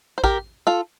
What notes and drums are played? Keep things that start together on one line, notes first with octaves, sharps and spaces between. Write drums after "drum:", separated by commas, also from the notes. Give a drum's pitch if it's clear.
C5
G4 A#4, drum: kick A1
F4 A4